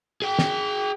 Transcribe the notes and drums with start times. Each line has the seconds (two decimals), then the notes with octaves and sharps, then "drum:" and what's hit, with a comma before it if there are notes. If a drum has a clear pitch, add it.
0.22 G#4 G5
0.39 drum: snare